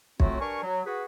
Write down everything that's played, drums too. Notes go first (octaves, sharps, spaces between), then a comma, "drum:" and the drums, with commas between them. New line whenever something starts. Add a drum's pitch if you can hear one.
A2 F#3 A3 C4 F4 F#4, drum: kick B1
G2 D4 A#4 G#5 C#6
F#3
F#4 G#4 B4